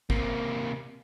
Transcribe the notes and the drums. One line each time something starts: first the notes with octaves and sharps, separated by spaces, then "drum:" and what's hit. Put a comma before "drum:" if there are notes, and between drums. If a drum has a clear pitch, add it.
C3 A#3, drum: kick